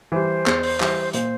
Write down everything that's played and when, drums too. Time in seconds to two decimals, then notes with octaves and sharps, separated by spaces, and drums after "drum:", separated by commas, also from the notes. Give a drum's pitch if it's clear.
0.12 E3 G3 C5
0.46 E2, drum: clap
0.63 drum: open hi-hat
0.80 E3 G3, drum: clap
1.13 A#2 C5, drum: hi-hat